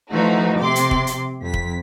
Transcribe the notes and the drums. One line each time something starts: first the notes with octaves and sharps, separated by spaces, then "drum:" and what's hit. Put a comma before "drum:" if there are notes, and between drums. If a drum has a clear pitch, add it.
E3 F3 A3 D#4 F#4
C3 C6 D6
drum: hi-hat
drum: kick
drum: hi-hat
F2 B6
drum: kick